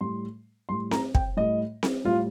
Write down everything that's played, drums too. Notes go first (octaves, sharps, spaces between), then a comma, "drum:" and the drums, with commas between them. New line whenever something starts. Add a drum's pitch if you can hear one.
A2 G3 C6
A2 G3 C6
A#5, drum: snare C4
G5, drum: kick
A2 G3 D#5
drum: snare C4
A2 G3 F4